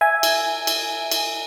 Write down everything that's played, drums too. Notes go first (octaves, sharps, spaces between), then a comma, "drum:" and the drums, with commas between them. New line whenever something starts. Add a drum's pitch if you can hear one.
E5 G#5
drum: cymbal
drum: cymbal
drum: cymbal